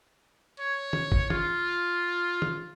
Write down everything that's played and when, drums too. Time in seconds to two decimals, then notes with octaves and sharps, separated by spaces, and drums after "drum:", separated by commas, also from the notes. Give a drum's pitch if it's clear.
0.60 C#5
0.93 drum: tom
1.12 drum: kick F#1
1.30 F4, drum: tom
2.42 drum: tom